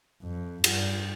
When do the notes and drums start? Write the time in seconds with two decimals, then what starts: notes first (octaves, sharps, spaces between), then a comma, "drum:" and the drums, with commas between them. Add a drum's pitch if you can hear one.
0.23 F2
0.64 G2, drum: cymbal